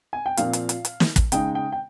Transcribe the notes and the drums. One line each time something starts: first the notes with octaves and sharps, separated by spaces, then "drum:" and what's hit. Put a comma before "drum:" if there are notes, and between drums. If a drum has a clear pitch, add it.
G#5
G5
A#2 F3 C4 F5, drum: hi-hat
drum: hi-hat
drum: hi-hat
drum: hi-hat
drum: snare
drum: kick, hi-hat
C#3 G#3 D#4 G5, drum: hi-hat
G5
G5